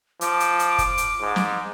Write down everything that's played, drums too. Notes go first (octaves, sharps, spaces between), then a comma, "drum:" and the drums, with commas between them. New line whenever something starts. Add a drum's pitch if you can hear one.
F3 D6, drum: hi-hat
drum: hi-hat
drum: hi-hat
drum: kick, hi-hat
drum: hi-hat
G#2
drum: snare